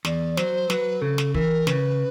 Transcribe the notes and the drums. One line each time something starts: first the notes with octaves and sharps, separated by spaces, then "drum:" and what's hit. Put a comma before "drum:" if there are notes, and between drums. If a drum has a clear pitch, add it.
E2 D5, drum: snare
F#3 C5, drum: snare
F#3 B4, drum: snare
C#3 A4
drum: snare
E3 A#4, drum: kick
C#3 B4, drum: snare